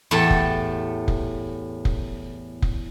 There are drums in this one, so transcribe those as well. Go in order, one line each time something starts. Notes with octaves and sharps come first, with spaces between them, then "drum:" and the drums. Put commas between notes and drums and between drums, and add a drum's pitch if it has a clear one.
E2 A2 G4 A4 A5
drum: kick F1
drum: kick F1
drum: kick F1
drum: kick F1